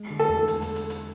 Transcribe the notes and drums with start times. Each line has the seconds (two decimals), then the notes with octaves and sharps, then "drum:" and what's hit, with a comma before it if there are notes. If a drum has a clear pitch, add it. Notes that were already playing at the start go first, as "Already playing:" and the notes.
Already playing: G#3
0.11 D3
0.19 A4
0.29 E2
0.48 drum: hi-hat
0.62 drum: hi-hat
0.76 drum: hi-hat
0.90 drum: hi-hat